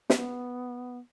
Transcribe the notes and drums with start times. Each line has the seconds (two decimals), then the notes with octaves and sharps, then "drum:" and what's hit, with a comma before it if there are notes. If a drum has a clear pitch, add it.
0.10 B3, drum: snare